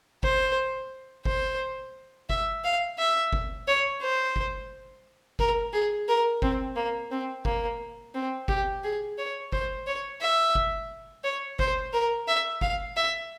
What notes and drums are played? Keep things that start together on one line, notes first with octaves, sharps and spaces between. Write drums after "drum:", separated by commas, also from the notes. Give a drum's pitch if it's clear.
C5, drum: kick G1
C5, drum: kick G1
E5, drum: kick G1
F5
E5
drum: kick G1
C#5
C5
drum: kick G1
A#4, drum: kick G1
G#4
A#4
C4, drum: kick G1
A#3
C4
A#3, drum: kick G1
C4
G4, drum: kick G1
G#4
C#5
C5, drum: kick G1
C#5
E5
drum: kick G1
C#5
C5, drum: kick G1
A#4
E5
F5, drum: kick G1
E5